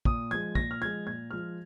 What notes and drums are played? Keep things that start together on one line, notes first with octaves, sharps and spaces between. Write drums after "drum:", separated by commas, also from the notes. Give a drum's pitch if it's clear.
A#2 D#6, drum: kick
F3 G#3 G#6
A#2 A#6, drum: kick
F6
F3 G#3 G#6
A#2 G#6
F3 G#3 F6